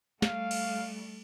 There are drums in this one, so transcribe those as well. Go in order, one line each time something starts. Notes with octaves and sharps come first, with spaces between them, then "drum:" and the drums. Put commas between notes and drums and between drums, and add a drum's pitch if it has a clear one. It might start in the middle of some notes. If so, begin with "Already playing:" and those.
G3 A3 F5, drum: snare
drum: cymbal